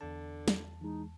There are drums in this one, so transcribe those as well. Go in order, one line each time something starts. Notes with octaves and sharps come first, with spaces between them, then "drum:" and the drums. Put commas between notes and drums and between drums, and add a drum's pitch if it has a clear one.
E2 D3 A5
drum: snare
E3 G#3 D#4